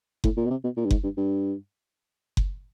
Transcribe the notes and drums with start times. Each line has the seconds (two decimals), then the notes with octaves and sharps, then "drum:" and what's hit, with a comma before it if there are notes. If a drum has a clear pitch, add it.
0.24 A2, drum: kick F#1
0.37 A#2
0.46 B2
0.50 C3
0.64 B2
0.77 A#2
0.85 G2
0.91 G#2, drum: kick F#1
1.03 G2
1.17 G2
2.37 drum: kick F#1